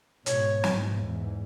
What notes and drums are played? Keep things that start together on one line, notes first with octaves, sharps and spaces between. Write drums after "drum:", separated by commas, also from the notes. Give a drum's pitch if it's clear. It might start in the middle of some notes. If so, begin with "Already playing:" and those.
G#2 B2 C#5, drum: hi-hat
G#2 B2, drum: snare
E2 G#2